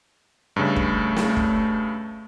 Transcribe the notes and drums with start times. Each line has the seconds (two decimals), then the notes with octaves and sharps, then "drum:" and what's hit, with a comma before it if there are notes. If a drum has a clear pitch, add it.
0.56 G2 C#3 A3
0.76 drum: kick
1.17 drum: snare
1.37 drum: kick